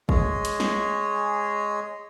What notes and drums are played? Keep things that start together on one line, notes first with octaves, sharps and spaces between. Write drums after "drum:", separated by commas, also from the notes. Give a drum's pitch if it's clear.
G#3 G#4 C#5 D#5, drum: kick
drum: hi-hat
drum: snare